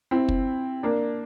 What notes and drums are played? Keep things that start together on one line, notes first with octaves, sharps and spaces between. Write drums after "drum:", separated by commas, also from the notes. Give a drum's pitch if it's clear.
C4 E4
drum: kick
A#3 D4